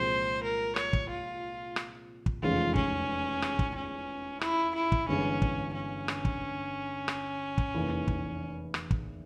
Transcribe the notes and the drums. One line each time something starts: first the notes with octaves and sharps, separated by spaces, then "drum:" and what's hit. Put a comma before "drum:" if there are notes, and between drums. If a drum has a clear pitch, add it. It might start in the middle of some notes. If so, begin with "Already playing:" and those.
Already playing: C2 A#2 F3 G#3 C4 C5
A#4
C#5, drum: rim click
drum: kick
F4
drum: rim click
drum: kick
F1 E2 C#3 F3 G#3 F4
C#4, drum: kick
drum: rim click
drum: kick
C#4
E4, drum: rim click
E4
drum: kick
G1 G2 E3 G#3 C#4
drum: kick
C#4
drum: rim click
drum: kick
drum: rim click
drum: kick
F1 E2 E3 A#3 E4
drum: kick
drum: rim click
drum: kick